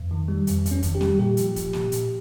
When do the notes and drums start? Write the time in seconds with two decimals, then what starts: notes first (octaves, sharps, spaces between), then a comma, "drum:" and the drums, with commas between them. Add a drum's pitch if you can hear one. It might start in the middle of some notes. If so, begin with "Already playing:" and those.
Already playing: F2
0.11 D#3
0.28 G3
0.47 F2, drum: hi-hat
0.66 F2, drum: hi-hat
0.71 C#4
0.83 D#3, drum: kick, hi-hat
0.95 G4
1.01 G3, drum: snare
1.19 A#2 G4
1.37 F3, drum: hi-hat
1.56 F3, drum: kick, hi-hat
1.73 A#2, drum: snare
1.92 A#2, drum: hi-hat